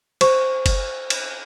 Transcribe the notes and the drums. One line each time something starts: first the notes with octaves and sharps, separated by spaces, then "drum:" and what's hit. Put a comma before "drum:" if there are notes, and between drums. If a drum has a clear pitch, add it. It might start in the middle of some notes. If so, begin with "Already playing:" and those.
C5 C#6, drum: cymbal
drum: kick F#1, cymbal
drum: cymbal